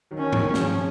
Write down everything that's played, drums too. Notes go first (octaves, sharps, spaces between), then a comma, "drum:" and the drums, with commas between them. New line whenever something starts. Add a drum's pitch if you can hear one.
D#3 F#3
C#4
D#3 F#3, drum: tom
C#4
C#3 F3, drum: snare